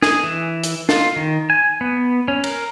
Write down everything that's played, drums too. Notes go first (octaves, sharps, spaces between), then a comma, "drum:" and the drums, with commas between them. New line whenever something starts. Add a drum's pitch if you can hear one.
G#4, drum: snare
E3
drum: hi-hat
F4, drum: snare
D#3
G#5
B3
C#4
A#4, drum: cymbal